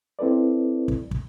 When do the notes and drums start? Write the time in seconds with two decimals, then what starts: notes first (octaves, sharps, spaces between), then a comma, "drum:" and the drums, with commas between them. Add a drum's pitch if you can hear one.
0.19 C4 E4 A4 B4 D5
0.88 drum: kick
1.11 drum: kick